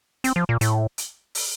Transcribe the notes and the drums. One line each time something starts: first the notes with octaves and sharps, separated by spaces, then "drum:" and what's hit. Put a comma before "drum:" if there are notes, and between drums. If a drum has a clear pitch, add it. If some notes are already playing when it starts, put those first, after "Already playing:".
C4, drum: hi-hat
F3
A#2
A2, drum: hi-hat
drum: hi-hat
drum: open hi-hat